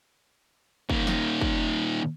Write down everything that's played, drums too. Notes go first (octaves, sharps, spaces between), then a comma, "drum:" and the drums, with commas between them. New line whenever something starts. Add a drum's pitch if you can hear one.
A#2 D#3, drum: kick
drum: snare
drum: kick